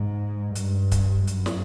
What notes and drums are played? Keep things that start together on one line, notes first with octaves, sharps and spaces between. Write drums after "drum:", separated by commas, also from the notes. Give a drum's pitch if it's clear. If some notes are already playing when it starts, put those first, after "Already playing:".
Already playing: G#2
G2, drum: hi-hat
drum: kick, hi-hat
F#2, drum: hi-hat
drum: snare